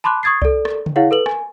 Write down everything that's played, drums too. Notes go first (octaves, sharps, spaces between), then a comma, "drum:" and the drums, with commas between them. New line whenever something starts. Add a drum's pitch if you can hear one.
A5 B5 C6 D6 F#6
C#6 D#6 G#6 A6 C7
A4 D5, drum: kick C2
drum: rim click
drum: tom C#3
E4 G#4 C#5 F5 F#5
A4 B4 F#7
G#5, drum: rim click